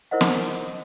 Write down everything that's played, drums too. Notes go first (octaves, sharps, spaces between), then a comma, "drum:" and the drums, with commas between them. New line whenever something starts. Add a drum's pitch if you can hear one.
E4 A#4 C5 D#5 F#5
drum: snare